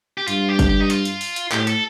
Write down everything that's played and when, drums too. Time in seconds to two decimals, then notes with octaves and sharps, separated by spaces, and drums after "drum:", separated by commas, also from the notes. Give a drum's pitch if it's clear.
0.18 G4
0.28 G2 F4, drum: hi-hat
0.49 G4
0.59 drum: kick G1, hi-hat
0.69 G4
0.80 D#4
0.90 F4, drum: hi-hat
1.05 drum: hi-hat
1.21 drum: open hi-hat
1.36 drum: hi-hat
1.51 A2 G4, drum: clap
1.67 A4, drum: hi-hat